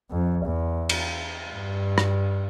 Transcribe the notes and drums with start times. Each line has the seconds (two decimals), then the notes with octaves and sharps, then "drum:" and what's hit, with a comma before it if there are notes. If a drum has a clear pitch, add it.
0.11 F2
0.45 E2
0.89 drum: cymbal
1.49 G2
1.98 drum: rim click